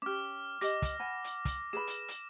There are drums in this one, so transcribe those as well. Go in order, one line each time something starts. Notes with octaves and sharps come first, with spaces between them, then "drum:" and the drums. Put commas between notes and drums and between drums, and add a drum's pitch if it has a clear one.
C#4 G4 D6 F6
G4 D#5 D6 A#6, drum: hi-hat
drum: kick, hi-hat
F#5 G#5 B5
drum: hi-hat
drum: kick, hi-hat
G#4 B4 B5 E7
drum: hi-hat
drum: hi-hat